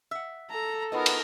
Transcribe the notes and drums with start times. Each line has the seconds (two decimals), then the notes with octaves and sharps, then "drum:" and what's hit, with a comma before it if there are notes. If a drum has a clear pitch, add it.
0.11 E5 F#5
0.50 A4 A#5
0.92 B3 D#4 F4 F#4 A#4 D#5
1.06 drum: cymbal